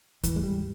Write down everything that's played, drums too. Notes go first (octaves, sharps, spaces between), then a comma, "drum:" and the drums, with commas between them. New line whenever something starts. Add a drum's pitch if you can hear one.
G#2 E3, drum: kick D#2, hi-hat
G#3
G3